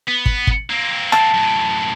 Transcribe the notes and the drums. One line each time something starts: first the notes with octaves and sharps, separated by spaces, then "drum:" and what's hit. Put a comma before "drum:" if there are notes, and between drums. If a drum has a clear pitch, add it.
B3
drum: kick
drum: kick
A#3 C4
A5, drum: rim click
F#2 A2